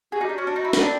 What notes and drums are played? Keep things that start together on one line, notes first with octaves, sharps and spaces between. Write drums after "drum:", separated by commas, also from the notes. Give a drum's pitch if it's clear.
F#4 G#4
D#4
G4
D4
C#4 F#4
D4
D#4
E4
D#4, drum: snare D4
C4 D4